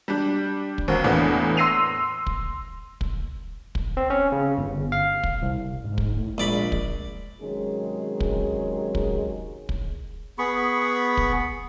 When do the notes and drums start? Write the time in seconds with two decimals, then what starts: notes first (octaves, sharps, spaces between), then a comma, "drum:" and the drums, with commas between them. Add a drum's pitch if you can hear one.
0.08 G3 D4
0.78 drum: kick
0.88 D#2 C4 F#4 A#4
1.04 E2 A2 A#3 B3 D4
1.57 C6 E6 A#6 C7 D#7 F7
2.27 drum: kick
3.01 drum: kick
3.75 drum: kick
3.97 C4
4.10 C#4
4.32 C#3
4.58 G1
4.92 F5
5.23 drum: kick
5.42 C2
5.84 G#2
5.98 drum: kick
6.16 A2
6.38 A#1 G#3 D5 B5
6.72 drum: kick
7.42 C3 D#3 F#3 G#3 C#4 G#4
8.20 drum: kick
8.95 drum: kick
9.69 drum: kick
10.38 B3 G#4 B5 C#6
11.17 drum: kick